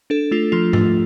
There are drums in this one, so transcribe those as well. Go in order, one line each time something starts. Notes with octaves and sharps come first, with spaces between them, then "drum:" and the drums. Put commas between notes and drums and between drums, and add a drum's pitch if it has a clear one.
D4 A4
A3 F4
F3 F4
A3, drum: tom G#2